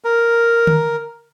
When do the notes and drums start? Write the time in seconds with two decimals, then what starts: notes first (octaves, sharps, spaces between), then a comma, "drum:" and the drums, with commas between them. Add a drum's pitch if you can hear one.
0.04 A#4
0.67 drum: tom D3